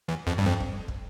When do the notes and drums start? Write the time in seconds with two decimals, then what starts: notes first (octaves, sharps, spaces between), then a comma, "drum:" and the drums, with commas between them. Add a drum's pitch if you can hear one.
0.08 E2
0.27 F2
0.38 G2
0.46 F2
0.60 drum: kick
0.88 drum: kick